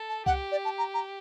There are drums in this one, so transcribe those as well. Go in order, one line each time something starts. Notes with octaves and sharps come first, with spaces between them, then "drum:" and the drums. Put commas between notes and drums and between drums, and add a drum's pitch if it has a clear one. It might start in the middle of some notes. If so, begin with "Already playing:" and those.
Already playing: A4
A5
G4 F#5, drum: kick C2
D5
A5
A#5
A#5